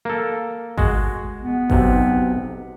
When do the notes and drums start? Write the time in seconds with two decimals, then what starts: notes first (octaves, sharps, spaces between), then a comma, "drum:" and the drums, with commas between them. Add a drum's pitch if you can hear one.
0.05 A#3 A4
0.78 G#3 F#4, drum: kick G#1
1.41 B3
1.70 B1 C3, drum: kick G#1